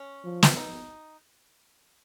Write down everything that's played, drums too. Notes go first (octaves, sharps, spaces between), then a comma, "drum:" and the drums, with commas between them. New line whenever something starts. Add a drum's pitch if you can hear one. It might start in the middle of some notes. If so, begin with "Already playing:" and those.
Already playing: C#4
F3
drum: snare
D#4